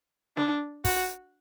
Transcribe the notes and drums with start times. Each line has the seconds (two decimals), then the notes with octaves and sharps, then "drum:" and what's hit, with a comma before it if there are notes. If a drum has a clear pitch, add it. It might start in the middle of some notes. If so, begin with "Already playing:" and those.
0.37 D4, drum: snare
0.85 F#4, drum: kick, open hi-hat